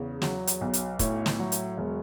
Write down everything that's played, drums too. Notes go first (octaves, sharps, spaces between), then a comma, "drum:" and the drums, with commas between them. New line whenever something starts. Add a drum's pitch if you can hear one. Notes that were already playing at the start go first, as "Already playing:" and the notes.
Already playing: E2 C#3
F#3, drum: snare
drum: hi-hat
B1
drum: hi-hat
A2 C#5, drum: kick, hi-hat
drum: snare
F#3
drum: hi-hat
E1